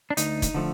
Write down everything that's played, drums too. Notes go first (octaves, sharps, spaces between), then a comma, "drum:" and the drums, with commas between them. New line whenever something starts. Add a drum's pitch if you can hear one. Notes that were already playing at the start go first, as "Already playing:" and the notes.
D4
D2 D#4, drum: hi-hat
drum: kick, hi-hat
D3 F3 A3